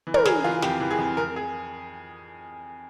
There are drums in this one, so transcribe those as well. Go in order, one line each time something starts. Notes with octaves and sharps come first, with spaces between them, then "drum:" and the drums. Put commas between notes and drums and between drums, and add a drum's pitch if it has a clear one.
E3
A#4, drum: tom
E3 G#4, drum: snare
E3 F4
F2 G4, drum: snare
E3
G#4
F2
F2 A#4
G#4